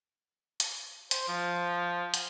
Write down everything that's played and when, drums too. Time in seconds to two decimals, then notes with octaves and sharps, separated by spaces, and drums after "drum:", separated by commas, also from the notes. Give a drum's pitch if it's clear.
0.60 drum: hi-hat
1.11 C5, drum: hi-hat
1.28 F3
2.14 drum: hi-hat